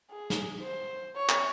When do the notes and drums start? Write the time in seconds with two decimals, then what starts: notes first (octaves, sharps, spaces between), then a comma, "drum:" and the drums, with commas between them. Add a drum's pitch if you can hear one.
0.11 G#4
0.30 drum: snare
0.62 C5
1.16 C#5
1.29 drum: clap